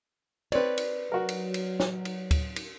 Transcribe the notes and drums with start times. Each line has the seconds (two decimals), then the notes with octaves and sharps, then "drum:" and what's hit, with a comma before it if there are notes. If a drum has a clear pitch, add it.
0.52 C4 B4 C#5 D5, drum: cymbal
0.78 drum: cymbal
1.12 F#3 F#4 A#4
1.29 drum: cymbal
1.54 drum: cymbal
1.80 drum: snare
2.05 drum: cymbal
2.31 drum: kick D2, cymbal
2.56 drum: cymbal